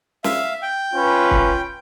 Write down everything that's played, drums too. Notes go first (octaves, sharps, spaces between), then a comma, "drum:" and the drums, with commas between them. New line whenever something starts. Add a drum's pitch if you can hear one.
E5 F5, drum: snare
G5
C#4 F4 B4
drum: kick